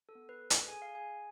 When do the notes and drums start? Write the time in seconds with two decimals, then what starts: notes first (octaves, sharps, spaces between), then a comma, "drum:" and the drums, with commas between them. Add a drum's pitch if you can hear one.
0.09 A4
0.15 B3
0.29 B4
0.41 A4
0.50 drum: hi-hat
0.67 G#4 G#5
0.82 F5
0.95 G#4 G#5